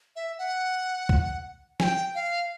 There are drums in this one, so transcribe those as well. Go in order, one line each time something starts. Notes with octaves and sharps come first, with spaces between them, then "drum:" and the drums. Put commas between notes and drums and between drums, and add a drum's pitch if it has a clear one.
E5
F#5
drum: kick C2
G#5, drum: snare
G5
F5